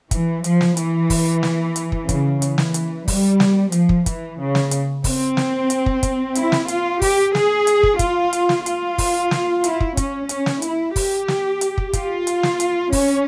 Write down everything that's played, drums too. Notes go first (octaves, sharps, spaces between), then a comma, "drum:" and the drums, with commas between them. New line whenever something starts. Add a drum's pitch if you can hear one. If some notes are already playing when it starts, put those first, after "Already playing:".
E3, drum: kick, hi-hat
F3, drum: hi-hat
drum: snare
E3, drum: hi-hat
drum: kick, open hi-hat
drum: snare
drum: hi-hat
drum: kick
C#3, drum: kick, hi-hat
E3, drum: hi-hat
drum: snare
drum: hi-hat
G3, drum: kick, open hi-hat
drum: snare
F3, drum: hi-hat
drum: kick
E3, drum: kick, hi-hat
C#3
drum: snare
drum: hi-hat
C4, drum: kick, open hi-hat
drum: snare
drum: hi-hat
drum: kick
drum: kick, hi-hat
E4, drum: hi-hat
drum: snare
F4, drum: hi-hat
G4, drum: kick, open hi-hat
G#4, drum: snare
drum: hi-hat
drum: kick
F4, drum: kick, hi-hat
drum: hi-hat
drum: snare
F4, drum: hi-hat
drum: kick, open hi-hat
drum: snare
E4, drum: hi-hat
drum: kick
C#4, drum: kick, hi-hat
C#4, drum: hi-hat
drum: snare
E4, drum: hi-hat
G4, drum: kick, open hi-hat
drum: snare
drum: hi-hat
drum: kick
F4, drum: kick, hi-hat
drum: hi-hat
drum: snare
drum: hi-hat
C#4, drum: kick, open hi-hat